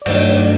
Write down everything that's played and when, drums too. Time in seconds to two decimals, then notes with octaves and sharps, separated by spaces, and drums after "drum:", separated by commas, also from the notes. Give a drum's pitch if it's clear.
0.02 D5
0.06 G2 D#3 F#3 A3 D4 C#5, drum: cymbal
0.34 D5